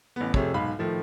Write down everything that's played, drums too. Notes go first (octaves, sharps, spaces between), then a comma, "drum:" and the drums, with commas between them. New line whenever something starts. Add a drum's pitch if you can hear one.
A1 B3
F2 C3 A3 G#4 C#5, drum: kick
B1 G#2 F5 B5
A2 D#3 F3 A3